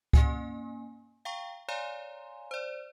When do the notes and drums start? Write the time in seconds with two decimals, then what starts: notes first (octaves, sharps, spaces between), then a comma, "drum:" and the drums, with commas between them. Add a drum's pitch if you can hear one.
0.13 A#3 C#4 G#5, drum: kick C#2
1.25 F5 G5 A#5 C#6
1.68 C#5 D5 F5 G#5 A#5 C6
2.51 C5 D5